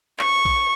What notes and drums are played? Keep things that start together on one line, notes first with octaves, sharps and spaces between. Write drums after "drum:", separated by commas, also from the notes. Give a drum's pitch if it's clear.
C#6, drum: clap
drum: kick A#1